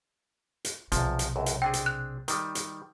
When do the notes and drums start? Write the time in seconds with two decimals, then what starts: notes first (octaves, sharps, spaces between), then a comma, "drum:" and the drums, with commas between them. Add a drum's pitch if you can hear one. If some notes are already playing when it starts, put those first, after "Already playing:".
0.65 drum: hi-hat
0.92 B1 E2 C3 F3, drum: hi-hat
1.19 drum: hi-hat
1.36 C#2 F#2
1.46 drum: hi-hat
1.62 C4 D4 G#4 G5
1.73 drum: hi-hat
1.86 F#6
2.28 D#3 G3, drum: hi-hat
2.55 drum: hi-hat